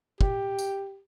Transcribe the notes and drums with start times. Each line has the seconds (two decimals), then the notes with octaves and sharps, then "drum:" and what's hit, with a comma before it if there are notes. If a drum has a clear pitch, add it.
0.21 G4, drum: kick
0.59 drum: tambourine